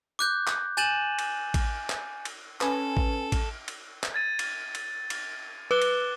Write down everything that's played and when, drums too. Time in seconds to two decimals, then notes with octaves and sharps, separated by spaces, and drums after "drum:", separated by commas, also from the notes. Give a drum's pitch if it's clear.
0.19 D6 F#6 G6
0.47 drum: clap
0.77 G#5 G6 A6 D#7 E7 F#7
1.19 drum: cymbal
1.54 drum: kick A1, cymbal
1.90 drum: clap
2.25 drum: cymbal
2.61 C#4 A4 B4 G#5, drum: clap
2.97 drum: kick A1
3.32 drum: kick A1, cymbal
3.68 drum: cymbal
4.03 drum: clap
4.14 G#6 A6 D#7
4.39 drum: cymbal
4.75 drum: cymbal
5.10 drum: cymbal
5.71 B4 D6 F#6 G7
5.82 drum: cymbal